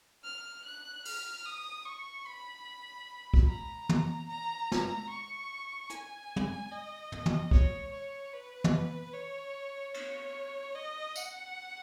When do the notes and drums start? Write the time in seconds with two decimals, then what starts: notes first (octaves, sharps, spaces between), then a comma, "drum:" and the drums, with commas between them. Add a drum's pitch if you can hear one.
0.24 F6
0.65 F#6
1.05 F6, drum: open hi-hat
1.45 D#6
1.85 C#6
2.26 B5
3.34 drum: kick
3.48 A#5
3.89 drum: tom
4.29 A#5
4.72 drum: snare
5.10 C#6
5.90 G#5, drum: hi-hat
6.36 drum: tom
6.72 D#5
7.12 drum: tom
7.26 drum: tom
7.51 C#5, drum: kick
7.93 C#5
8.32 B4
8.64 drum: tom
9.14 C#5
9.94 C#5, drum: cymbal
10.75 D#5
11.16 F#5, drum: tambourine